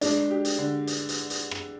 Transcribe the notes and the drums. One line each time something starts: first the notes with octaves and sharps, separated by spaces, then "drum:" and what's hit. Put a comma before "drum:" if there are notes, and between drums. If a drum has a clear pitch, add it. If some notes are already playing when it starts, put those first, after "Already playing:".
G#3 D4, drum: hi-hat
G4
drum: hi-hat
D3
drum: hi-hat
drum: hi-hat
drum: hi-hat
drum: rim click